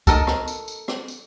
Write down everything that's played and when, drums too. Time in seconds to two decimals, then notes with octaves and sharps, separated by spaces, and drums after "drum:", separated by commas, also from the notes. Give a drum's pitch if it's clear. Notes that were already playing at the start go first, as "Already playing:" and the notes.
0.07 A4 A#4 D#5, drum: kick, tambourine
0.27 drum: rim click
0.48 drum: tambourine
0.68 drum: tambourine
0.88 drum: rim click
1.08 drum: tambourine